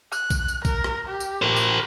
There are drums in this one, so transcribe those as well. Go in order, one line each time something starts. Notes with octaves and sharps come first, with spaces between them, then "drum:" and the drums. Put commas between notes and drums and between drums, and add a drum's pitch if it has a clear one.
F#6, drum: tambourine
drum: kick A#1, tambourine
drum: tambourine
A#4, drum: kick A#1, tambourine
drum: rim click
G4
drum: tambourine
A#4 C5
drum: tambourine